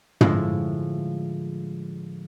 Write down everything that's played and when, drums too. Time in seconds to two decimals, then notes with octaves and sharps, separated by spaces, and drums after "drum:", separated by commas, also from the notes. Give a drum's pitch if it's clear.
0.21 A2 D3 F3 G#3 E4, drum: tom